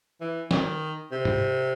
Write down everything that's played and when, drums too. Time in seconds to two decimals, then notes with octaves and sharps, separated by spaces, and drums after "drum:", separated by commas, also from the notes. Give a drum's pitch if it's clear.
0.21 E3
0.51 D#3, drum: snare
1.12 C3
1.25 drum: tom G#2